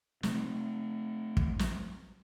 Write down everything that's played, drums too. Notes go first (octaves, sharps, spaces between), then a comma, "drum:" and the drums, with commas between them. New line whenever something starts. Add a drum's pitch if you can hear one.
C3 A3, drum: snare
drum: kick
drum: snare